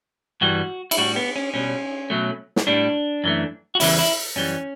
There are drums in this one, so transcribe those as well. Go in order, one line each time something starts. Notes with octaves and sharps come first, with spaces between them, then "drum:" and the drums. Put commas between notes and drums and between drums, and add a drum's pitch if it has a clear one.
G2 E3 G3 F#4
E4, drum: cymbal
A2 G3 F#4
B3
C#4
B2 G3 C#4
B2 F#3 A3
drum: snare
A2 G3 D4
F#2 E3 A3
F#4
E2 C#3 E3 G3 E4, drum: open hi-hat
E4
F#2 E3 G3 C#4